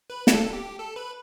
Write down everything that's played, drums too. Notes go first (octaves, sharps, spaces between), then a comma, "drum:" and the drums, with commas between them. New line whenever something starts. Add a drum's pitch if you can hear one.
B4
A4, drum: snare
G4
A4
B4